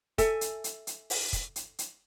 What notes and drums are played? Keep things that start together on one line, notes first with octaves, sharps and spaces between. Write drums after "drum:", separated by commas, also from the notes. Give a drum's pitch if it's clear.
A4 E5 G#5, drum: kick, hi-hat
drum: hi-hat
drum: hi-hat
drum: hi-hat
drum: open hi-hat
drum: kick, hi-hat
drum: hi-hat
drum: hi-hat